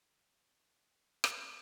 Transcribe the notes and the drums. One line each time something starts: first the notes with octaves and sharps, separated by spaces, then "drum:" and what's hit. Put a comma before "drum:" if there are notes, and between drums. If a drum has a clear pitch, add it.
A1 A2
A#1 A#2
B1 B2
drum: rim click